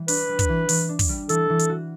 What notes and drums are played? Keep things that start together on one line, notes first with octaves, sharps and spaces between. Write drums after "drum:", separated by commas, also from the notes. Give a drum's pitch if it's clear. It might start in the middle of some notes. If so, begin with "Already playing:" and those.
Already playing: E3 G3
D4 B4, drum: open hi-hat
G3
drum: kick, hi-hat
E3
E3, drum: open hi-hat
D4
drum: kick, open hi-hat
G3
E3 A4, drum: hi-hat
E3
drum: hi-hat
F#4